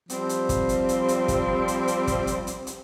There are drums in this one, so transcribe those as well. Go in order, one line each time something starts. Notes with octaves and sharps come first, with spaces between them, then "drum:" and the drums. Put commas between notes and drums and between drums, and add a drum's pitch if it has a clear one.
F3 G3 C4, drum: hi-hat
drum: hi-hat
drum: kick, hi-hat
drum: hi-hat
drum: hi-hat
drum: hi-hat
drum: kick, hi-hat
drum: hi-hat
drum: hi-hat
drum: kick, hi-hat
drum: hi-hat
drum: hi-hat
drum: hi-hat